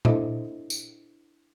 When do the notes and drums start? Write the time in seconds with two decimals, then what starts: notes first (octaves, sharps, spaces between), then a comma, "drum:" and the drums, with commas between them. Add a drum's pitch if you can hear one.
0.05 D4 E4 A4 C5 D#5 E5, drum: tom A#2
0.70 drum: tambourine